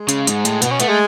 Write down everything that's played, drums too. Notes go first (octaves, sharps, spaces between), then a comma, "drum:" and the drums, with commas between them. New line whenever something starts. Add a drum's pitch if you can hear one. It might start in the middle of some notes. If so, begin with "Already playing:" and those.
Already playing: G#3
C#3, drum: hi-hat
G#2, drum: hi-hat
A2, drum: hi-hat
B2 B3, drum: hi-hat
C#4
A3 B3, drum: hi-hat
G#3